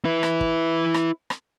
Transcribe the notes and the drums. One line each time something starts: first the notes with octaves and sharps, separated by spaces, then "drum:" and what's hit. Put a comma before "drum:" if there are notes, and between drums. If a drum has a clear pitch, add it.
E4 B4
drum: rim click
drum: kick
drum: rim click
drum: rim click